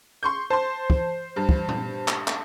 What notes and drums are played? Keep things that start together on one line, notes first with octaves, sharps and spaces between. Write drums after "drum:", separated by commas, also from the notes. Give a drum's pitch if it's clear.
C6 C#6 G6
C5 A5 C6
drum: kick
G2
drum: kick
drum: tom A#2
drum: clap
drum: clap